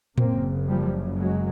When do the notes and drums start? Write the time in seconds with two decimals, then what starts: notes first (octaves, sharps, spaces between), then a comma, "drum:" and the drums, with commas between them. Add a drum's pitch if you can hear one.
0.18 F#1 F#2 C#3 A#3 C4, drum: tom A2
0.68 F3 G3
1.20 F#3 G#3